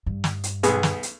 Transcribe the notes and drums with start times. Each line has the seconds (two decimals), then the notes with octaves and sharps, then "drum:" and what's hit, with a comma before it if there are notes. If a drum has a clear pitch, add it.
0.06 G2
0.24 drum: snare
0.44 drum: hi-hat
0.63 B1 B3 G#4, drum: hi-hat
0.83 drum: snare
1.03 drum: hi-hat